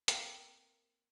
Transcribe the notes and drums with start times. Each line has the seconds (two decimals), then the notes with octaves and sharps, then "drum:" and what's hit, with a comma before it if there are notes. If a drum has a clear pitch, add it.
0.08 A#3 C4, drum: hi-hat